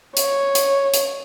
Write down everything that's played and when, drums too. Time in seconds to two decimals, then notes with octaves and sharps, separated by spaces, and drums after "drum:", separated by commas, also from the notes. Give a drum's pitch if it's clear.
0.17 C#5, drum: hi-hat
0.55 drum: hi-hat
0.94 drum: hi-hat